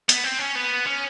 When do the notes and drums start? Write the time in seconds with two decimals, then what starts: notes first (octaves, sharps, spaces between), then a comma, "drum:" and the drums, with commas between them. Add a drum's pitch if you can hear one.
0.09 B3, drum: hi-hat
0.24 C4
0.39 C#4
0.56 B3
0.87 C#4